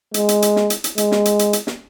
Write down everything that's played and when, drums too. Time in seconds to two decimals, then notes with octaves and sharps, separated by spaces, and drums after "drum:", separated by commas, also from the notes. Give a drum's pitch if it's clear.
0.14 G#3, drum: hi-hat
0.29 drum: hi-hat
0.42 drum: hi-hat
0.56 drum: snare
0.70 drum: hi-hat
0.84 drum: hi-hat
0.98 G#3, drum: hi-hat
1.12 drum: snare
1.25 drum: hi-hat
1.39 drum: hi-hat
1.53 drum: hi-hat
1.67 drum: snare